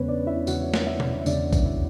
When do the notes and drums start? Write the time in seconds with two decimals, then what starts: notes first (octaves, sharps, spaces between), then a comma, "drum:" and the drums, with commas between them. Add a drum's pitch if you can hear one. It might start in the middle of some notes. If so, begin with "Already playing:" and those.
Already playing: E2 C#3 G#3 B3 C#4 B4 C#5
0.08 D4 D5
0.27 E4 E5
0.47 E2 C#3 G#3 F#4 F#5, drum: tambourine
0.74 drum: snare
0.87 E4 E5
1.00 drum: tom B2
1.21 E5
1.26 E2 C#3 G#3 D4 D5, drum: tambourine
1.53 drum: kick, tambourine
1.66 E4